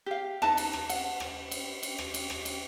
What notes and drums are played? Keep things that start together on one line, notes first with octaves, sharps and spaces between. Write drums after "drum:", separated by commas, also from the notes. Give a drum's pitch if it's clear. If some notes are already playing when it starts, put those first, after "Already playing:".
G4 F5
D#4 B4 A5, drum: rim click
drum: cymbal
drum: rim click
F#5, drum: cymbal
drum: rim click
drum: cymbal
drum: cymbal
drum: rim click
drum: cymbal
drum: rim click
drum: cymbal